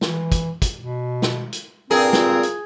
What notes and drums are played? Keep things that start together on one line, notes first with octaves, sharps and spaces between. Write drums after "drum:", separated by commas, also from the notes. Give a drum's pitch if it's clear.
E3, drum: snare
drum: kick, hi-hat
drum: kick, hi-hat
B2
drum: snare
drum: hi-hat
G2 A#2 C4 F4 G#4 A#4
drum: snare
drum: hi-hat